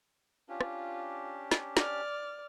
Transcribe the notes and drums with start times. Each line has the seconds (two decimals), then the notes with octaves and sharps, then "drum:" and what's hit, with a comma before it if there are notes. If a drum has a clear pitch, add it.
0.49 C#4 D4 F4 G4
0.60 drum: rim click
1.51 drum: snare
1.77 D5 F6, drum: snare